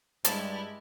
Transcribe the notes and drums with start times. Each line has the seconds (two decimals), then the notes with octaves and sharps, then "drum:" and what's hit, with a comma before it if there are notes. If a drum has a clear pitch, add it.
0.25 G2 G#3 E4 G4 A5, drum: hi-hat